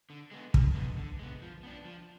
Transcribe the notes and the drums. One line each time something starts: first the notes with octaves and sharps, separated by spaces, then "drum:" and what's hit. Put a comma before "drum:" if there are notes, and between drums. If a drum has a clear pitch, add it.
D3
G#3 B3
D3, drum: kick
G#3 B3
D3
G#3 B3
F3
B3 D4
F3